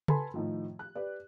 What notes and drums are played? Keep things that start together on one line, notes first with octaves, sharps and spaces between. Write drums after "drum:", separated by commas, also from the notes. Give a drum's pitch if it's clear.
A4 B4 G#5 A5 B5 C6, drum: tom C#3
A2 D#3 F3
F#6
G4 B4 D5